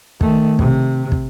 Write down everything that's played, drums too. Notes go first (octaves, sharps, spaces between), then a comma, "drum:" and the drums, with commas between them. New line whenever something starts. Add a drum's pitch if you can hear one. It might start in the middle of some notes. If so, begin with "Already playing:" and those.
D#3 A3, drum: kick
C3, drum: kick
drum: kick